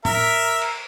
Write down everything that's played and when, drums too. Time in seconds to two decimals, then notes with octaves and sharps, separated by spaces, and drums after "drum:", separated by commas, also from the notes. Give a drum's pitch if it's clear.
0.05 A#4 E5, drum: tom A2
0.62 drum: cymbal